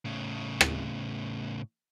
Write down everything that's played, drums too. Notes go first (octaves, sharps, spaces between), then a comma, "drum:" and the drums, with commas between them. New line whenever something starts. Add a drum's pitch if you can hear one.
A2 C#3
drum: rim click